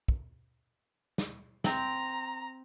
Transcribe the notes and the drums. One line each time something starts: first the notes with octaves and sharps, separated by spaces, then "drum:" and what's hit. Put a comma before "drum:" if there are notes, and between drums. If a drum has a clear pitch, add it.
drum: kick
drum: snare
C4 A#5, drum: snare